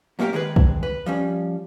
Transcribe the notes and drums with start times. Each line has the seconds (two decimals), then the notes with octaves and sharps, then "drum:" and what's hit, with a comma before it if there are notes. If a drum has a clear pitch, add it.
0.19 F#2 A#2 A#3 F4 G4 A#4
0.33 D#3 G#3 G#4 B4
0.56 drum: kick
0.83 B4
1.06 F3 G3 C#4